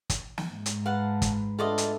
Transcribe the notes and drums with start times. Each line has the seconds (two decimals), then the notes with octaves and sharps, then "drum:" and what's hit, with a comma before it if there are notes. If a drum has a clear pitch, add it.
0.10 drum: kick, hi-hat
0.38 drum: snare
0.52 G#2
0.66 drum: hi-hat
0.86 B4 F5 F#5 A5
1.22 drum: kick, hi-hat
1.59 A3 B3 D4 F4 D5 D#5
1.78 drum: hi-hat